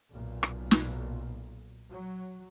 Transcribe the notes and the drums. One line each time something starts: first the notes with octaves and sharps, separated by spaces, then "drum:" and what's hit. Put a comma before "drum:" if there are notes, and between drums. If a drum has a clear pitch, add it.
B1 A#2
drum: rim click
drum: snare
F#3